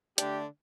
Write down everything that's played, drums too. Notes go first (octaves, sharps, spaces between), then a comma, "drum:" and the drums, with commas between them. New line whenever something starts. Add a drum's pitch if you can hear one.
D3 A3 D4 G4, drum: hi-hat